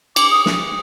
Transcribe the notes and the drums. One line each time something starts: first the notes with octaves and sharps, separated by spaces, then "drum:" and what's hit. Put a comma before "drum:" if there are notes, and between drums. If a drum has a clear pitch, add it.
D6, drum: cymbal
D#6
drum: snare